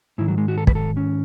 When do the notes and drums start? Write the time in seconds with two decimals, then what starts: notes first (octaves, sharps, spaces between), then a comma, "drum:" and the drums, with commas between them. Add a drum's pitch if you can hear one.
0.18 G#2 D#3 E4
0.28 F#3
0.38 G#3
0.48 F#4
0.58 A4
0.67 B4, drum: kick
0.75 A4
0.97 C#4